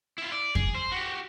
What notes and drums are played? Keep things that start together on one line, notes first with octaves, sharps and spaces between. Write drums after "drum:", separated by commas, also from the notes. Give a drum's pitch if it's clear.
E4 F4
D5
G#4, drum: kick F2
C5
F#4 G4